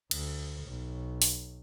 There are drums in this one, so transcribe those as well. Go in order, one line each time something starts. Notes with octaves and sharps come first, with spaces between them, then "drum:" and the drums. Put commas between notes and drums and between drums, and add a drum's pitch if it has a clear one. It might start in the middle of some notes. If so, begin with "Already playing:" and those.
D2, drum: cymbal
B1
drum: open hi-hat